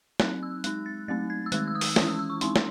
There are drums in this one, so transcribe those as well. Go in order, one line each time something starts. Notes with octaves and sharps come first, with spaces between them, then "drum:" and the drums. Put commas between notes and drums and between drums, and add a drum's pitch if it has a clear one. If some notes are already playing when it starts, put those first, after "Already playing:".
F#3 C4 D#4 F#6, drum: snare
E6
G#3 D#4 F#6, drum: hi-hat
A6
F#3 A3 C4 D#4 A6
G#6
E6
D#3 G#3 D#4 F#6, drum: hi-hat
E6
D#6
E6, drum: open hi-hat
E3 G#3 C#4 E4 D#6, drum: snare
E6
E6
C#6
G#3 C4 D#4 C6, drum: hi-hat
drum: snare